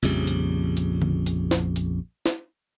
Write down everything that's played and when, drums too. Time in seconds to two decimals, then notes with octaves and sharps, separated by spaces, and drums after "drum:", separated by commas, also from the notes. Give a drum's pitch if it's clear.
0.02 A#1 F2 C#3 G3
0.27 drum: hi-hat
0.77 drum: hi-hat
1.02 drum: tom D3
1.26 drum: hi-hat
1.51 drum: snare
1.76 drum: hi-hat
2.26 drum: snare